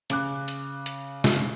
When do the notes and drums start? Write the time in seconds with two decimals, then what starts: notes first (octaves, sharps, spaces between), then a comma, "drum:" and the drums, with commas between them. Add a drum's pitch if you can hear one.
0.10 C#3 D6 F#6, drum: hi-hat
0.48 drum: hi-hat
0.86 drum: hi-hat
1.24 drum: snare